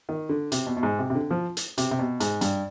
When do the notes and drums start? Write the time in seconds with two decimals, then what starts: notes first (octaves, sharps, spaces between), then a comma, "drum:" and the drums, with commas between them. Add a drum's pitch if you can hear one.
0.09 D#3
0.29 D3
0.52 C3, drum: hi-hat
0.66 B2
0.77 B2
0.83 G#2
0.99 C3
1.10 C3
1.15 D3
1.31 F3
1.57 drum: hi-hat
1.78 C3, drum: hi-hat
1.91 C3
1.99 B2
2.20 G#2, drum: hi-hat
2.41 G2, drum: hi-hat